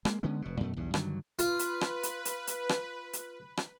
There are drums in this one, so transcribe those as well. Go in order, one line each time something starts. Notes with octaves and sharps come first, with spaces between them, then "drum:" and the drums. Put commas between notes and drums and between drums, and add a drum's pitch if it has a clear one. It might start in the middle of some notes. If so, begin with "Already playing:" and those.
G#3 A#3, drum: rim click
D3 G#3 B3 C#4
F1 B2
F#2 B2 A3
B1 E2 G2
G2 D3 D#3 F#3, drum: rim click
F4 B4, drum: hi-hat
drum: hi-hat
drum: rim click
drum: hi-hat
drum: hi-hat
drum: hi-hat
drum: rim click
drum: hi-hat
drum: rim click